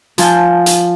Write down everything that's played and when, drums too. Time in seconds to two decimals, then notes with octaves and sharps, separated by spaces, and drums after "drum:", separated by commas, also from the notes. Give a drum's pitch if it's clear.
0.18 F3 G#5 A5 G6, drum: hi-hat
0.66 drum: hi-hat